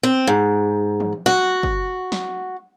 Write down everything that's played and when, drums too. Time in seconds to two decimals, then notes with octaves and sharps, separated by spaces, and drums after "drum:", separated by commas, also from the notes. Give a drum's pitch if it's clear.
0.03 C4
0.27 G#2
1.00 drum: tom E3
1.26 F#4, drum: snare
1.63 drum: kick
2.12 drum: snare